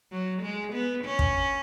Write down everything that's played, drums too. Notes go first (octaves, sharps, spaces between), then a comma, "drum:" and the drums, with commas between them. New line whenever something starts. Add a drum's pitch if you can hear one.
F#3
G#3
B3
C#4
drum: kick